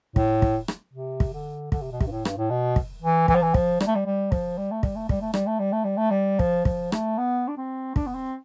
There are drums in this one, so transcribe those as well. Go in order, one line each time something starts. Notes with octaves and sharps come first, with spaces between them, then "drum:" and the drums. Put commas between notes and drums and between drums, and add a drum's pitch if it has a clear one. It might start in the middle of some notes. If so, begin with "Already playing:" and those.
A2, drum: kick
drum: kick
drum: rim click
C3
drum: kick
D3
D3, drum: kick
C3
B2
C3, drum: kick
G2
A2
G2, drum: rim click
A2
B2
drum: kick
E3
E3, drum: kick
F3
E3
F3, drum: kick
G3, drum: rim click
A3
G3
G3
F3, drum: kick
G3
A3
G3, drum: kick
A3
G3, drum: kick
A3
G3, drum: rim click
A3
G3
A3
G3
A3
G3
F3, drum: kick
F3, drum: kick
A3, drum: rim click
B3
D4
C4
D4, drum: kick
B3
C4